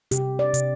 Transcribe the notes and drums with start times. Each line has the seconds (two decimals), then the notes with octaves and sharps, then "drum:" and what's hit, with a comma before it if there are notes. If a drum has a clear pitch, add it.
0.11 C3 G4, drum: hi-hat
0.39 D5
0.54 C3, drum: hi-hat